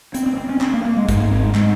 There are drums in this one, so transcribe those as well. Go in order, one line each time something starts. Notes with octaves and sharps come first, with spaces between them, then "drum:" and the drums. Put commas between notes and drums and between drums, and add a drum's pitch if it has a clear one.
C4, drum: hi-hat
C4
C4
C#4
C4, drum: clap
A#3
A#3
G#3
G#2 G#3, drum: kick G1, hi-hat
A#3
C4
G#3
G#3, drum: clap